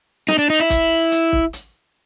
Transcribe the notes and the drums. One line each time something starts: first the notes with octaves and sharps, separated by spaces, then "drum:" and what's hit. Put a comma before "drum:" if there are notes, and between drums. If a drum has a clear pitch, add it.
D#4, drum: snare
D4
D#4
E4
drum: kick, hi-hat
drum: hi-hat
drum: kick
drum: hi-hat